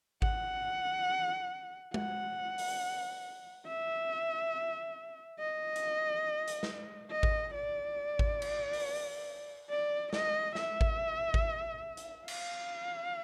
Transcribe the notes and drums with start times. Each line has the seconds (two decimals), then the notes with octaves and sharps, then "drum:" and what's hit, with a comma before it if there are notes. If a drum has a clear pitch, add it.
0.22 F#5, drum: kick G#1
1.94 F#5, drum: tom G#3
2.58 drum: open hi-hat
3.66 E5
5.39 D#5
5.76 drum: hi-hat
6.48 drum: hi-hat
6.63 drum: snare
7.11 D#5
7.23 drum: kick G#1
7.54 D5
8.19 drum: kick G#1
8.42 drum: cymbal
8.73 drum: open hi-hat
9.70 D5
10.13 D#5, drum: snare
10.55 E5, drum: snare
10.81 drum: kick G#1
11.34 drum: kick G#1
11.97 drum: hi-hat
12.28 F5, drum: cymbal